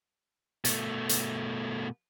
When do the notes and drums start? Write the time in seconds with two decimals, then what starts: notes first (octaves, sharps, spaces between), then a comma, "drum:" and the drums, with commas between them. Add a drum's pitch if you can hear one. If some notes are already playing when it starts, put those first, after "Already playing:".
0.65 B2 A3, drum: hi-hat
1.09 drum: hi-hat